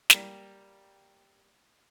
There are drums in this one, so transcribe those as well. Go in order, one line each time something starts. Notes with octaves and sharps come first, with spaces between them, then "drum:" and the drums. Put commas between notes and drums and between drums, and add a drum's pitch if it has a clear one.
G3 A#3, drum: snare